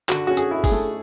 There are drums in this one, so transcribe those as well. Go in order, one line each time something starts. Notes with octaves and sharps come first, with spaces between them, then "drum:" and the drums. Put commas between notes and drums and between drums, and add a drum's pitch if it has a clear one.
D3 F#4, drum: clap
C#4 F#4
G#4, drum: hi-hat
E4
G#4, drum: kick, open hi-hat
A3